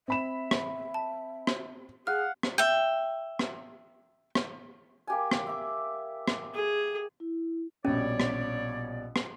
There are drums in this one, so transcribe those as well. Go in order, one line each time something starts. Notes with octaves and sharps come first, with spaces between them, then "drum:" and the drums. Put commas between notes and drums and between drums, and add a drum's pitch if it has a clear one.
C4 E5 B5 E7
drum: rim click
A5
drum: rim click
G#4 F5 F#5 F6
drum: rim click
E5 G5
drum: rim click
drum: rim click
A#3 G4 G#5
drum: rim click
E5 D6
drum: rim click
G#4
E4
A#1 B2 G3 C#4 C#5 D5
drum: rim click
drum: rim click